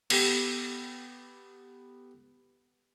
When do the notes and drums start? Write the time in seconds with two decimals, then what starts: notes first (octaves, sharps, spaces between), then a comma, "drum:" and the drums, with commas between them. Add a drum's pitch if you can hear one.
0.10 B3 G4 A4, drum: cymbal